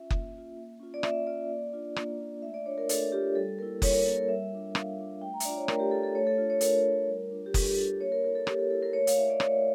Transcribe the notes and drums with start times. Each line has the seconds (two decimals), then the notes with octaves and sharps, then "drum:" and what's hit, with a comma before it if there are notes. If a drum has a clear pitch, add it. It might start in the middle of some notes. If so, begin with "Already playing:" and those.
Already playing: C#4 F4 E5
0.10 A#3, drum: kick F#1
0.33 C#4 F4
0.57 A#3
0.80 C#4 F4
0.94 D5
1.03 A#3 E5, drum: rim click
1.27 C#4 F4 D5
1.50 A#3
1.73 D4 F4
1.96 A#3, drum: rim click
2.20 D4 F4
2.42 A3 E5
2.54 D5
2.66 D4 F4 C#5
2.78 A#4
2.89 A3 A4, drum: hi-hat
3.12 D4 F4 G4
3.35 G3 A4
3.59 A#3 E4 A#4
3.82 G3 C#5, drum: kick F#1, open hi-hat
3.94 A#4
4.06 A#3 E4 A4
4.17 A#4
4.29 G3 E5
4.52 D4 F4
4.75 G3 F5, drum: rim click
4.98 D4 F4
5.21 A3 G5
5.34 A#5
5.40 E5, drum: hi-hat
5.45 D4 F4 D5
5.56 C#5
5.68 A3 A#4, drum: rim click
5.80 G4
5.91 D4 F4 A4
6.03 A4
6.15 A3 C#5
6.27 A4
6.38 D4 F4
6.50 C#5
6.61 A3 A#4, drum: hi-hat
6.85 D4 F4
7.07 G3
7.31 D4 F4
7.46 G4
7.54 G3 A4, drum: kick F#1, open hi-hat
7.68 G4
7.77 D4 F4 A4
8.00 A#3 C#5
8.12 A#4
8.24 E4 A#4
8.35 A4
8.47 A#3 G4, drum: rim click
8.59 A4
8.70 E4 A4
8.83 A#4
8.93 A3 C#5
9.07 F5, drum: hi-hat
9.17 E4 E5
9.30 D5
9.40 A3 C#5, drum: rim click